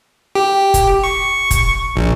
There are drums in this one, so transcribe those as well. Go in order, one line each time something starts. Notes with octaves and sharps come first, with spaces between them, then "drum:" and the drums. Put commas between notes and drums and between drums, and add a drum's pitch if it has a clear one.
G4
drum: kick, hi-hat
C#6
drum: kick, hi-hat
A#1